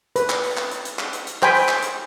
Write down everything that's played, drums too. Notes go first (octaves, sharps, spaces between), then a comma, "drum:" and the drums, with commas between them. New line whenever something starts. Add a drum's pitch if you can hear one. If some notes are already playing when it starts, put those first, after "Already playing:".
B4, drum: hi-hat
drum: clap
drum: open hi-hat
drum: clap
drum: hi-hat
drum: hi-hat
drum: clap
drum: hi-hat
drum: hi-hat
C5 G5 G#5 B5, drum: clap
drum: open hi-hat
drum: clap
drum: hi-hat